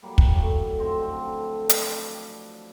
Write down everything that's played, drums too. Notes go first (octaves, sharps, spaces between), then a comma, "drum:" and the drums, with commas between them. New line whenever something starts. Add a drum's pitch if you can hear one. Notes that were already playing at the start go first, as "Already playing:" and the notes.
F#3 G3 A#3
drum: kick
A2 C#3
D3 F3 C4 D#5
D3
B4 D5, drum: hi-hat